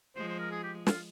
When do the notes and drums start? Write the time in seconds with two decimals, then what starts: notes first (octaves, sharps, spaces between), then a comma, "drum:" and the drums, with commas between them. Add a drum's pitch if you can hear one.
0.16 F3 G#3 C5
0.28 C5
0.40 A#4
0.51 G#4
0.63 G4
0.87 F4, drum: snare